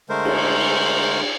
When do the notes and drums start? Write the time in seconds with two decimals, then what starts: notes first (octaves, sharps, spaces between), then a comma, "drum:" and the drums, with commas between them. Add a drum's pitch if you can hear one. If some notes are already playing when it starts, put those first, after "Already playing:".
0.09 D3 G#3 A3 A#4 C5
0.25 drum: cymbal